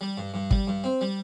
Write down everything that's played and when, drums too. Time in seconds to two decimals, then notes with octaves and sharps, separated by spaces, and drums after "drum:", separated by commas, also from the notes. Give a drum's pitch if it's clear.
0.01 G3
0.18 G2
0.34 G2
0.51 G3, drum: kick
0.67 G2
0.84 C4
1.01 G3